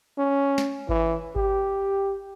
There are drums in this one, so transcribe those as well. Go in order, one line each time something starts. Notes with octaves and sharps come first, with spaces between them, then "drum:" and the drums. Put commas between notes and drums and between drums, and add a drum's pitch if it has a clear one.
C#4
drum: snare
E3, drum: kick G#1
G4, drum: kick G#1